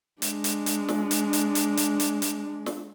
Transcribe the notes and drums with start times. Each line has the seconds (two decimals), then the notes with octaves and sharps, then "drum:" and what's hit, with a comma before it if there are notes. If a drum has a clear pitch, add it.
0.22 G#3 D4, drum: hi-hat
0.44 drum: hi-hat
0.66 drum: hi-hat
0.89 drum: snare
1.11 drum: hi-hat
1.33 drum: hi-hat
1.55 drum: hi-hat
1.77 drum: hi-hat
2.00 drum: hi-hat
2.22 drum: hi-hat
2.66 drum: snare